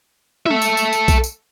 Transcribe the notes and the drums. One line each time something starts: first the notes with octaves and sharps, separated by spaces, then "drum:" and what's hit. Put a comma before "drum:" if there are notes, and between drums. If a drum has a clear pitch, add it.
A4 E5, drum: tom
drum: tambourine
drum: tambourine
drum: tambourine
drum: kick B1, tambourine
drum: tambourine